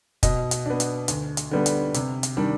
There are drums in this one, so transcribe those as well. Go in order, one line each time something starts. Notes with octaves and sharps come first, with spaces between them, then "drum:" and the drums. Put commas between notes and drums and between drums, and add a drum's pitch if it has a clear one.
B2 D#5, drum: kick, hi-hat
drum: hi-hat
B3 D4
drum: hi-hat
D2, drum: hi-hat
drum: hi-hat
D3 G3 B3
drum: hi-hat
C3, drum: hi-hat
drum: hi-hat
D#3 G3 D4